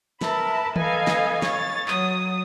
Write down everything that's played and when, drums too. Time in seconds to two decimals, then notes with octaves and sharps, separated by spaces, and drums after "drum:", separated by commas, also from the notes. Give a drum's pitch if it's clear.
0.21 A#4 B4 E5 A5 B5, drum: snare
0.76 A4 B4 D#5 F5 G#5, drum: tom D#3
1.07 drum: snare
1.42 C#5 A6, drum: snare
1.88 F#3 D#6, drum: clap